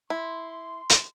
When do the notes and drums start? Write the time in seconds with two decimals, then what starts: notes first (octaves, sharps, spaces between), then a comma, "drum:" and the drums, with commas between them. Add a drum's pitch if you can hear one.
0.10 E4 C6
0.90 drum: hi-hat